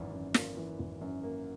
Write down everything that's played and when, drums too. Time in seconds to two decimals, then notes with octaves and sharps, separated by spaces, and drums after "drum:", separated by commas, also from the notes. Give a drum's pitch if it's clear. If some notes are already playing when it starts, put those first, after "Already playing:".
Already playing: G#1 F#2 E3
0.12 F#2
0.34 A#3, drum: snare
0.57 E3
0.79 G#1
1.01 F#2
1.23 A#3